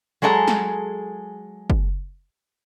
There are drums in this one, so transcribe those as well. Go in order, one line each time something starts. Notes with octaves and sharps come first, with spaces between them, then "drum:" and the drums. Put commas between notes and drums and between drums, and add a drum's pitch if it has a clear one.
F#3 G#3 G#4 A4 C#5 A#5
drum: snare
drum: kick